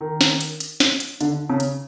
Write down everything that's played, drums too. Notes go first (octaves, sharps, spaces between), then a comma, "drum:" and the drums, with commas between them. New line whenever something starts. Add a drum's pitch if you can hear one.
D#3
drum: snare
drum: hi-hat
drum: hi-hat
drum: snare
drum: hi-hat
D3, drum: hi-hat
C#3
drum: hi-hat